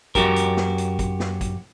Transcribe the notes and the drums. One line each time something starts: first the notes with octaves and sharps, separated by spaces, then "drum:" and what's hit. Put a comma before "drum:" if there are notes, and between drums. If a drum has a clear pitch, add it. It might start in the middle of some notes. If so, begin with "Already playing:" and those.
F#2 F#4 G4 A#4, drum: kick, hi-hat
drum: hi-hat
drum: snare
drum: hi-hat
drum: kick, hi-hat
drum: snare
drum: kick, hi-hat